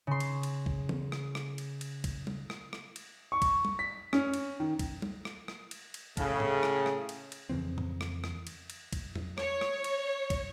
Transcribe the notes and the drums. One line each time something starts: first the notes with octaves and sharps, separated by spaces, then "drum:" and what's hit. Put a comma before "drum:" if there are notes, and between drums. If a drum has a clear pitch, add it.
C#3 C6
drum: cymbal
drum: cymbal
drum: kick
drum: tom E3
drum: rim click
drum: rim click
drum: cymbal
drum: cymbal
drum: kick, cymbal
drum: tom G3
drum: rim click
drum: rim click
drum: cymbal
C#6
drum: kick, cymbal
drum: tom G3
B6
C#4, drum: rim click
drum: cymbal
D#3
drum: kick, cymbal
drum: tom G3
drum: rim click
drum: rim click
drum: cymbal
drum: cymbal
A2 C#3, drum: kick, cymbal
drum: tom G#2
drum: rim click
drum: rim click
drum: cymbal
drum: cymbal
F2 C#3 E3 C4
drum: tom G#2
drum: rim click
drum: rim click
drum: cymbal
drum: cymbal
drum: kick, cymbal
drum: tom E2
C#5, drum: rim click
drum: rim click
drum: cymbal
drum: kick, cymbal